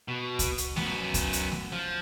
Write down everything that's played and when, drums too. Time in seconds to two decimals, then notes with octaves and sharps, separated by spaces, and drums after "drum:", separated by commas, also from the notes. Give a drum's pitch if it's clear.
0.08 B2
0.39 drum: kick C#2, hi-hat
0.58 drum: hi-hat
0.77 F#2 B3, drum: snare A3
1.14 drum: kick C#2, hi-hat
1.33 drum: hi-hat
1.52 drum: snare A3
1.72 F3